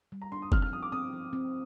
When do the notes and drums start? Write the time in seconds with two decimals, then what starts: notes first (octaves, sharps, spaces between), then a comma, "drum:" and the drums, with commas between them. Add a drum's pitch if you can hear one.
0.12 G3
0.22 A#5
0.32 D4 C6
0.42 D#6
0.52 C4 F6, drum: kick
0.62 F6
0.72 F3 D#6
0.82 D6
0.92 C4 D#6
1.13 F3
1.33 C4